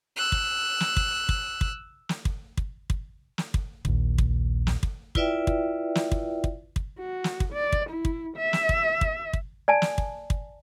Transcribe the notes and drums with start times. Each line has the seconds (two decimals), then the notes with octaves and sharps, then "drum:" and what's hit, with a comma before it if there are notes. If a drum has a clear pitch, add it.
0.16 E6 F#6
0.32 drum: kick
0.80 drum: snare
0.97 drum: kick
1.29 drum: kick
1.61 drum: kick
2.09 drum: snare
2.25 drum: kick
2.57 drum: kick
2.90 drum: kick
3.38 drum: snare
3.54 drum: kick
3.85 A#1 D#2, drum: kick
4.18 drum: kick
4.67 drum: snare
4.83 drum: kick
5.15 E4 F4 B4 D5 E5 G5, drum: kick
5.47 drum: kick
5.95 drum: snare
6.12 drum: kick
6.44 drum: kick
6.76 drum: kick
6.99 F#4
7.24 drum: snare
7.40 drum: kick
7.53 D5
7.72 drum: kick
7.90 E4
8.05 drum: kick
8.37 E5
8.53 drum: snare
8.69 drum: kick
9.01 drum: kick
9.33 drum: kick
9.68 D5 G#5 A5
9.82 drum: snare
9.98 drum: kick
10.30 drum: kick